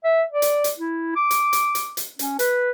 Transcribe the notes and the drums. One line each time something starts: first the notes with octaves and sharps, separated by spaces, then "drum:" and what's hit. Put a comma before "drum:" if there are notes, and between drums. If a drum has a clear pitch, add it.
E5
D5
drum: hi-hat
drum: hi-hat
E4
D6
drum: hi-hat
drum: hi-hat
drum: hi-hat
drum: hi-hat
C#4, drum: hi-hat
B4, drum: hi-hat